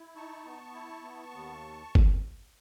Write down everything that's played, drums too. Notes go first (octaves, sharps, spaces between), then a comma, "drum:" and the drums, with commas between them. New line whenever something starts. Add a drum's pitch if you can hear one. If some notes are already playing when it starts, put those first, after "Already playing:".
Already playing: E4
D#4 A5 C#6
B3
E4
B3
D#2
drum: kick